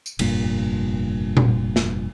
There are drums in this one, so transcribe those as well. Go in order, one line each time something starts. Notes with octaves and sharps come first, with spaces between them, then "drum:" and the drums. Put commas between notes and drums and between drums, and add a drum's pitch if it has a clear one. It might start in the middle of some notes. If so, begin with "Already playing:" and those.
drum: tambourine
F1 G2 A#2, drum: cymbal
drum: tom A#2
drum: snare